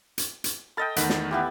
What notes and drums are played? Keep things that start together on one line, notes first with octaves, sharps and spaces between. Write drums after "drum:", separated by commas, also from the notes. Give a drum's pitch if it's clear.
drum: hi-hat
drum: hi-hat
A4 D#5 G5 B5 F6 A6
E2 D#3 A3 F#5 B5, drum: hi-hat
drum: snare
B3 E4 G4